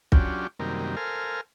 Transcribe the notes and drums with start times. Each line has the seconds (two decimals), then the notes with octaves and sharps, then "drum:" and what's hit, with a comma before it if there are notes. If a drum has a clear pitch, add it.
0.12 F#3 C#4 D4 F4 G4, drum: kick
0.60 F#2 C3 D#3 G3 A#3
0.97 A4 A#4 C5 F5 G#5 F6